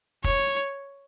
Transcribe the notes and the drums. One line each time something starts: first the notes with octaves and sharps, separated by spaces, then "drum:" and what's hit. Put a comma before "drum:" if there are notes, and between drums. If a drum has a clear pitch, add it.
C#5, drum: kick